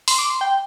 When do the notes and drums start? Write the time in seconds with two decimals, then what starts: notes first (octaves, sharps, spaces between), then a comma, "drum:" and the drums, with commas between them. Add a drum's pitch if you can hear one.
0.08 C6, drum: open hi-hat
0.18 D6
0.30 C6
0.41 G5